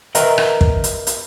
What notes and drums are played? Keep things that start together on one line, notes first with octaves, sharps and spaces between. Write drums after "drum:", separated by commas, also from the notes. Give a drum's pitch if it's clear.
A#4 B4 D#5 E5 A#5, drum: hi-hat
drum: rim click
drum: kick
drum: hi-hat
drum: hi-hat